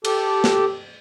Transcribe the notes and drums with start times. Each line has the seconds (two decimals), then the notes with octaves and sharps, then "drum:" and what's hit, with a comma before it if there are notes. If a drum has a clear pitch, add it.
0.05 G4 A4, drum: cymbal
0.44 drum: snare